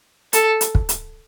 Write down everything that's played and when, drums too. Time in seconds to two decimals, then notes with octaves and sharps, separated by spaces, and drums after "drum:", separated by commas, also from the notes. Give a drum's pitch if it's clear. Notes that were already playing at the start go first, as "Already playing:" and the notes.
0.33 A4, drum: hi-hat
0.61 drum: hi-hat
0.75 drum: kick
0.89 drum: hi-hat